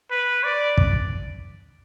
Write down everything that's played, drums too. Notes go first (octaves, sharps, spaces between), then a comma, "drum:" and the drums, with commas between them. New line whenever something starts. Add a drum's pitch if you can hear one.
B4
D5
drum: kick